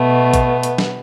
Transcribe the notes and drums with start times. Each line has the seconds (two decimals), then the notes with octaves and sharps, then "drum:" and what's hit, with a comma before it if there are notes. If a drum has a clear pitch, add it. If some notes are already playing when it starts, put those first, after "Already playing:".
Already playing: B2 A3 B3
0.34 drum: kick, hi-hat
0.63 drum: hi-hat
0.78 drum: snare